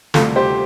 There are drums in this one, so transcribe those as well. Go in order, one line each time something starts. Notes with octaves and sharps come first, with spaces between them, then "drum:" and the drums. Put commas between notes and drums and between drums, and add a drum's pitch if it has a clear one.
D2 C3 G3 F4 A4, drum: snare
G4 C5